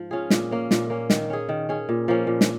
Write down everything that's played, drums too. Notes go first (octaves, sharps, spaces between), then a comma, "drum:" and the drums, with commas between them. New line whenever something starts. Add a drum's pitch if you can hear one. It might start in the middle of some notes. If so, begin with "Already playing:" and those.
Already playing: G#2 F3
C#4 F4 G#4
A#2, drum: snare
A#3 C#4
A#2, drum: snare
A#3 C#4
D#3, drum: snare
C#4 G#4
D#3
C#4 G#4
A#2
F3 A#3 C#4
A#2
drum: snare